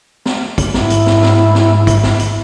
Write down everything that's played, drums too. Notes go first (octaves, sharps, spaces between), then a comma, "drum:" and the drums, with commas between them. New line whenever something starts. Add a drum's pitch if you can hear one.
drum: snare
drum: kick, hi-hat
G#2 E4, drum: snare
drum: hi-hat
drum: snare
drum: snare
drum: snare
drum: kick, hi-hat
drum: snare
drum: hi-hat